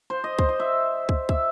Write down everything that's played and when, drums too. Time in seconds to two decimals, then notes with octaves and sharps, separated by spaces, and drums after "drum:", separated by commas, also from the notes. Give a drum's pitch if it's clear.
0.10 C5
0.24 D#5
0.39 C5, drum: kick
0.49 D#5
0.60 E5
1.09 drum: kick
1.29 E5, drum: kick